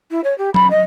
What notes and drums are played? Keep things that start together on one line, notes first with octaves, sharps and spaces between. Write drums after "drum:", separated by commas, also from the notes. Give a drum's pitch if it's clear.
E4
C#5
G4
B5, drum: tom F#3
D#5